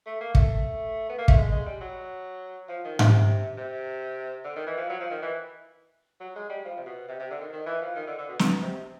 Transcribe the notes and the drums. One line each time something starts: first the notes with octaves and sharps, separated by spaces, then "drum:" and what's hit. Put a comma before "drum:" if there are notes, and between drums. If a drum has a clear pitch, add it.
A3
A#3
A3, drum: kick
B3
A#3
A3, drum: kick
G#3
G#3
G3
F#3
F3
D#3
C3, drum: tom G#2
C3
D3
D#3
E3
F3
F#3
F3
D#3
E3
F#3
G#3
G3
F3
C3
B2
C3
C3
D3
D#3
D#3
E3
F3
D#3
D3
D3
B2
B2, drum: snare
C3